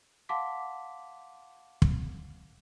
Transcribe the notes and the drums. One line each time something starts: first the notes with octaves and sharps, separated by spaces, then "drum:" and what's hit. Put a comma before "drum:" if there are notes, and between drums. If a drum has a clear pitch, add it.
F5 F#5 A5 C6 D6 B6
drum: kick